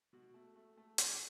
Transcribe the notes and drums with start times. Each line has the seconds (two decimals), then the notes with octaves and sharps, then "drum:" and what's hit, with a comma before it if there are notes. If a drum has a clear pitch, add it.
0.13 B2 F#4
0.34 A3
0.56 A3
0.77 A3
0.98 B2, drum: hi-hat